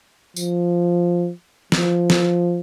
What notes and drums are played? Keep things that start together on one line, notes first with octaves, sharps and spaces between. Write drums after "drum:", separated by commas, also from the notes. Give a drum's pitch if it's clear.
F3, drum: tambourine
F3, drum: snare
drum: snare